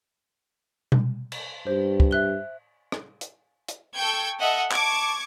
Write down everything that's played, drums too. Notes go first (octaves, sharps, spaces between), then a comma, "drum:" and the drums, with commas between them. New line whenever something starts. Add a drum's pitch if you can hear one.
drum: tom B2
drum: cymbal
G2 C5
drum: kick
E5 F#6 G7
drum: rim click
drum: hi-hat
drum: hi-hat
A4 G5 C#6 G6 G#6
A4 D#5 E5 F#5
A5 C#6 D6 G#6, drum: clap